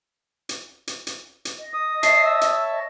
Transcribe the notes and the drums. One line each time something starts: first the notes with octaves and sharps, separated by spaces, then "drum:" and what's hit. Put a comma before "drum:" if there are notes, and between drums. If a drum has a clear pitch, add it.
drum: hi-hat
drum: hi-hat
drum: hi-hat
drum: hi-hat
D#5
D#6
C#5 E5 A5 C7, drum: hi-hat
E6
drum: hi-hat
D#5